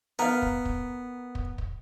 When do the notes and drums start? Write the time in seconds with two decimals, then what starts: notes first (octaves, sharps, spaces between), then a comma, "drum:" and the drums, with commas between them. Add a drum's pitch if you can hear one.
0.19 B3 A#4 F5
0.42 drum: kick
0.65 drum: kick
1.35 drum: kick
1.58 drum: kick